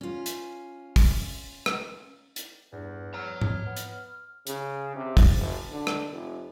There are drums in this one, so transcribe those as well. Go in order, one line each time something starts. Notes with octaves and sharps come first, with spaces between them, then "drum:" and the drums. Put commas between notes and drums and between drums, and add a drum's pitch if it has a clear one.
C#4 F4
drum: hi-hat
drum: kick, open hi-hat
drum: rim click
drum: hi-hat
E2 G2
C#5 A#5 F6
drum: tom G#2
B3
drum: hi-hat
C#3, drum: hi-hat
C3
drum: kick, open hi-hat
F#1
D3
drum: rim click
F1